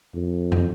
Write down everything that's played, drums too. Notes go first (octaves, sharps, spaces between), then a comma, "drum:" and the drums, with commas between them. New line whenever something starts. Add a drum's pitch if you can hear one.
F2
drum: tom